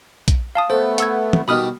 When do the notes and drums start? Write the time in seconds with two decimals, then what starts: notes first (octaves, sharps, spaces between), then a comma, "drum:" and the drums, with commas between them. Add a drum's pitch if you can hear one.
0.28 drum: kick A#1, hi-hat
0.55 F5 A5 D#6
0.70 A3 B3 A4 C5
0.98 F#5 E6 G#6, drum: hi-hat
1.33 drum: tom
1.48 B2 D#3 G3 B5 D#6 F6